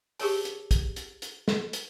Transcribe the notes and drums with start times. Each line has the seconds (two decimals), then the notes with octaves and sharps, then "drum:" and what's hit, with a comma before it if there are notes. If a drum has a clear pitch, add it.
0.20 G4 G#4 A#4 C#5 A5, drum: open hi-hat
0.45 drum: hi-hat
0.71 drum: kick, hi-hat
0.96 drum: hi-hat
1.22 drum: hi-hat
1.48 drum: snare
1.73 drum: hi-hat